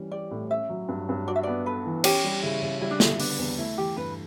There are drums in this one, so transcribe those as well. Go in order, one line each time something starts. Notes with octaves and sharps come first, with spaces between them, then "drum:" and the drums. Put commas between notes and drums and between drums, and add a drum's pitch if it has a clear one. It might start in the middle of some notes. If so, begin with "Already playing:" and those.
Already playing: E3 G3 C#4
G4 D5
A2
C#4 E5
F#3
G2
G2
F#4 D5
E5
B3 D5
A4 B4
E3
C#4 G4, drum: cymbal
G3
C#3 E4
C#3
G3 E4
D4
D3 E4, drum: snare
B3 D4, drum: open hi-hat
E2
A3 E4
E3 G4
G2 B4